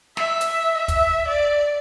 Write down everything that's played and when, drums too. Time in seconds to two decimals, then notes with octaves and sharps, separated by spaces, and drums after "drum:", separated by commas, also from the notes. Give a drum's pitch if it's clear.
0.17 E5, drum: snare
0.41 drum: hi-hat
0.74 E5
0.88 drum: kick, hi-hat
1.27 D5